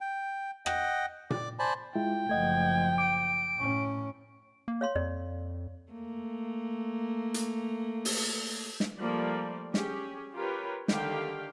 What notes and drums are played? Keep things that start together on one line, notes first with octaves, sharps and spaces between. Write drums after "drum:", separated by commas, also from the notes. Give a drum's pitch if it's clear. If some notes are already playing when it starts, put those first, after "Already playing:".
G5
D#5 F#5 G5, drum: rim click
D5 D6, drum: tom A#2
C5 D5 G#5 A5 B5
G#3 E4 F4 G5
F#1 F3 A3 D#5 F#5 G#6
D6 D7
A2 C#4
A#3
C#5 F5 C6
F2 D5
A3 A#3
drum: hi-hat
drum: open hi-hat
drum: snare
F3 G3 A3 A#3 D5
C#4 G4 G#4, drum: snare
F4 G4 A#4 B4 C#5
D3 D#3 G4 F5 G5, drum: snare